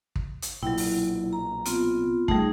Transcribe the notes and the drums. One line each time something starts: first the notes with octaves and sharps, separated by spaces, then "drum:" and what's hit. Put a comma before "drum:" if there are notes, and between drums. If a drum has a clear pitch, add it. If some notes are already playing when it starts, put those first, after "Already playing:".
drum: kick
drum: hi-hat
B1 A#2 F#3 E4 G5
drum: open hi-hat
A#5
B3 C4 F4, drum: hi-hat
G3 A3 D#4 G#4, drum: kick